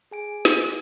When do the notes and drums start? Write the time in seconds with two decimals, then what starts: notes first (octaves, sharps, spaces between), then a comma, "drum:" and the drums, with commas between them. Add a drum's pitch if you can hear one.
0.11 G#4 G#5 D7
0.45 drum: snare